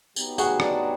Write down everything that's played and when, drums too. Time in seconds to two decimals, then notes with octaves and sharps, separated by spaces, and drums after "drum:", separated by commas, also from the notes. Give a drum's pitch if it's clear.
0.16 F#3 B3 D#4 G4, drum: tambourine
0.38 F#4 G#4, drum: tambourine
0.60 D4, drum: rim click